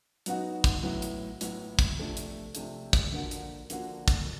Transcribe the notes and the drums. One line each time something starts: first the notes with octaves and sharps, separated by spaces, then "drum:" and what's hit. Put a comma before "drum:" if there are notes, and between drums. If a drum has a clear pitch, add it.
F#3 B3 D#4 F#4, drum: hi-hat
drum: kick, hi-hat
A2 F#3 B3 E4
drum: hi-hat
A2 F#3 B3 E4, drum: hi-hat
drum: kick, hi-hat
C3 F3 A3 D4
drum: hi-hat
C3 F3 A3 D4, drum: hi-hat
drum: kick, hi-hat
D3 F3 A#3 D4 F#4
drum: hi-hat
D3 F3 A#3 D4 F#4, drum: hi-hat
drum: kick, hi-hat